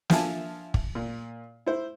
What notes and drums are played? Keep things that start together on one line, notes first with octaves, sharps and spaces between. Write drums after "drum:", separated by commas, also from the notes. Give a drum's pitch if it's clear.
D3 F3 F4 E5 G#5 A5, drum: snare
drum: kick
A#2
E4 C5